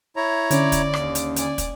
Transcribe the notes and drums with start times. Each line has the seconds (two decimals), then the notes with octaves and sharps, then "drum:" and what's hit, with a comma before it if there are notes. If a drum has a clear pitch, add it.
0.16 E4 C#5 A#5
0.51 D3 C#4 D5, drum: hi-hat
0.72 drum: kick, hi-hat
0.93 D#2, drum: rim click
1.15 drum: hi-hat
1.36 D5 G#5, drum: hi-hat
1.58 drum: kick, hi-hat